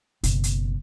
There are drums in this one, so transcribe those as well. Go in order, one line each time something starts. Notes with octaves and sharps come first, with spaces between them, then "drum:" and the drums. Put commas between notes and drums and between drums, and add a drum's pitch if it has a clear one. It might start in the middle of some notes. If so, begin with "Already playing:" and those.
F#1 B2, drum: hi-hat
drum: hi-hat